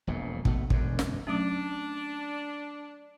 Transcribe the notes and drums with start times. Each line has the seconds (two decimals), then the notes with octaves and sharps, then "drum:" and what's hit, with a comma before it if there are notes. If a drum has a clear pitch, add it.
0.07 E1 A#1 F2 A#2
0.45 A#1 B2 A3, drum: kick
0.70 E1 F#2 D3, drum: kick
0.99 drum: snare
1.27 F#3 A3 C#4 D4